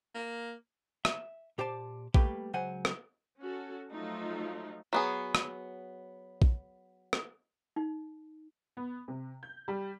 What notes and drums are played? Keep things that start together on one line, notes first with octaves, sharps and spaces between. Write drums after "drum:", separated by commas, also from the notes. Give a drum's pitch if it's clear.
A#3
E5, drum: rim click
A#2 G4 C5 D5 A5
G3 A3 A#3 G4 B4 G5, drum: kick A#1
C#2 C#3 F#3 C5 F#5 G#5
drum: rim click
C#4 F#4 A4
F3 F#3 A3 D#4 F4
F#3 B3 G#4
drum: rim click
drum: kick A#1
drum: rim click
D#4
B3
C3
G6
G3